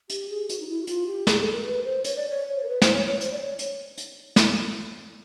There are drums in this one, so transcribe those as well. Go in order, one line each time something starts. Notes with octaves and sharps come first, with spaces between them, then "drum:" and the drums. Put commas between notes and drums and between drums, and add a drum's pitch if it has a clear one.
G4, drum: hi-hat
G#4
F#4, drum: hi-hat
D#4
E4
F#4
F4, drum: hi-hat
G4
G#4, drum: snare
A4
A#4
B4
C5
C#5, drum: hi-hat
D5
C#5
C5
A#4
B4
C5, drum: snare
C#5
C#5
C5, drum: hi-hat
D5
C#5
drum: hi-hat
drum: hi-hat
drum: snare